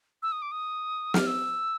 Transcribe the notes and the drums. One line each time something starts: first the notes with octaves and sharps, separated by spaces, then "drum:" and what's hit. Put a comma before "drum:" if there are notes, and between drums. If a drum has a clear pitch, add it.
E6
D#6
D6
D#6
F6, drum: snare
E6